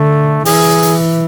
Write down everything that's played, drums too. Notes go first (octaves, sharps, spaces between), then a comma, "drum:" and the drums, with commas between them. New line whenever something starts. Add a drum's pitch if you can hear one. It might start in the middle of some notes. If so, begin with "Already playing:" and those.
Already playing: D3 A3
E3 G#4, drum: open hi-hat
drum: hi-hat